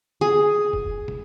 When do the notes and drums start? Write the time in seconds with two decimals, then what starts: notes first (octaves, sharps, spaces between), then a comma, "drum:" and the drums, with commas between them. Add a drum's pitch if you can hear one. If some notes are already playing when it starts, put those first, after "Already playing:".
0.21 G#4
0.73 drum: kick F1
1.08 drum: tom